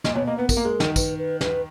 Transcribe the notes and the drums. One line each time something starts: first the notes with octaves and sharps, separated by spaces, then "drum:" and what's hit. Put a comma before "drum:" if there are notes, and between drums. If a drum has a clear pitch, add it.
A#2 D#5, drum: snare
B2 C#5
A#3 D#5
B3 B4
A#4, drum: kick, tambourine
A#3
G#3
D#3, drum: snare
B4, drum: kick, tambourine
B4
B4, drum: snare